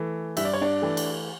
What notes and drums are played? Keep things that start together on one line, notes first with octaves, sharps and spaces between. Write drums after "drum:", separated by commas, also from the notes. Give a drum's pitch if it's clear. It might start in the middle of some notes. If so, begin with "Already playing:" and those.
Already playing: E3 A3
G2 E5, drum: cymbal
D5
C#5
D4 D5
E3 A3
drum: cymbal